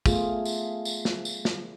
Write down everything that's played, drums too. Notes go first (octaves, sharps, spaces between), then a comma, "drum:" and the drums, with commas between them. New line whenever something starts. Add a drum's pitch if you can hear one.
A3 B3 F4 G#4, drum: kick, tambourine
drum: tambourine
drum: tambourine
drum: snare
drum: tambourine
drum: snare